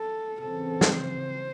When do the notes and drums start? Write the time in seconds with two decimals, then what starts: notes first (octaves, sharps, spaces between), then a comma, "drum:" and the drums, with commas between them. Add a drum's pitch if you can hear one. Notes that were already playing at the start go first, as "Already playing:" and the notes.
Already playing: A4
0.40 C#3 E3 C4 A4
0.81 drum: snare
0.91 C5